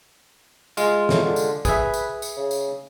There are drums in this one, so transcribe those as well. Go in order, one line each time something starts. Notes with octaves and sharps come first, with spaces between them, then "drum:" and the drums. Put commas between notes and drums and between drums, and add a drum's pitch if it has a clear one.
G#3 F4, drum: tambourine
A2, drum: snare
D3
drum: tambourine
G#4 B4 E5, drum: kick, tambourine
drum: tambourine
drum: tambourine
C#3
drum: tambourine